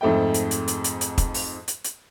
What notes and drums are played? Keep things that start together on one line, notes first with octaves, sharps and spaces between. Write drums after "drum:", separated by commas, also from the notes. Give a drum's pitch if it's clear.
F2 G#2 A3 E5 G5
drum: hi-hat
drum: hi-hat
drum: hi-hat
drum: hi-hat
drum: hi-hat
drum: kick, hi-hat
drum: open hi-hat
drum: hi-hat
drum: hi-hat